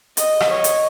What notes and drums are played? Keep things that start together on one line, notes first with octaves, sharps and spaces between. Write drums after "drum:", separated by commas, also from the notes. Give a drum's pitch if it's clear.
D#5, drum: hi-hat
drum: rim click
C#5 D#5
drum: hi-hat